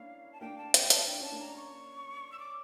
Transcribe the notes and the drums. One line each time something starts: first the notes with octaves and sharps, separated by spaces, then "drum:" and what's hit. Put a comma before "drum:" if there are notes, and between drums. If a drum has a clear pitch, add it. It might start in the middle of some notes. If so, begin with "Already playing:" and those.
Already playing: A#3 C#4 D4 E4 F5
A5
A#3 D4 G5
A5
G5, drum: hi-hat
A5, drum: hi-hat
D4 G5
C#4 A5
A#3 D4
A#5
C#6
E6
D6